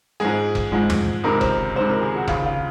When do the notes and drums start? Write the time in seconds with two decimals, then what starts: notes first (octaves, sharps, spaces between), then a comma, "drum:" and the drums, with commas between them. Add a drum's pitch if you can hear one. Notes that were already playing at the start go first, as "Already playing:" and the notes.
0.20 G#2 F3 G#3 G#4
0.55 drum: kick F1
0.72 G#2 F3 G#3
0.90 drum: tom
1.24 C#2 C3 D#3 G#3 A#4
1.41 C5, drum: kick F1
1.76 C#2 C3 D#3 G#3 C5
1.90 A#4
2.02 G#4
2.15 F#4
2.28 D#2 C#3 F3 F4, drum: kick F1
2.46 F4